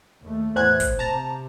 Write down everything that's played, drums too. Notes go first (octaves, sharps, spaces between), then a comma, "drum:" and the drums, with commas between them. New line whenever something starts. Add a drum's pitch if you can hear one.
D#2 A3
E2 A2 C5 F#6 G#6
drum: kick, hi-hat
C3 A5 A#5